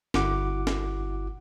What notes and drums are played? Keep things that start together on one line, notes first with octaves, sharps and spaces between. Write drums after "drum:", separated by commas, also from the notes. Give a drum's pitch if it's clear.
G1 E4 F#4 F#5 D6, drum: snare
drum: snare